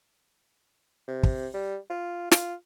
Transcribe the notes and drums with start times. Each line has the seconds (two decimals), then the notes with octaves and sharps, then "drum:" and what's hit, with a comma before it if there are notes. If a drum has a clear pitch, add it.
1.08 C3
1.23 drum: kick
1.54 G3
1.90 F4
2.32 F4, drum: snare